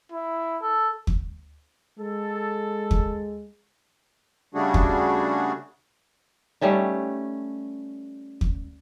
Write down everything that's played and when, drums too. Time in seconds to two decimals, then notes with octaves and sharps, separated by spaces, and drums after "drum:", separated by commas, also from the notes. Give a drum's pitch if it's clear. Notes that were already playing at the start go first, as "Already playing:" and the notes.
0.12 E4
0.62 A4
1.07 drum: kick
1.99 G#3 A4
2.91 drum: kick
4.54 C#3 G3 A3 D4 F#4 G#4
4.74 drum: kick
6.61 G3 A3 C#4 D#4
8.41 drum: kick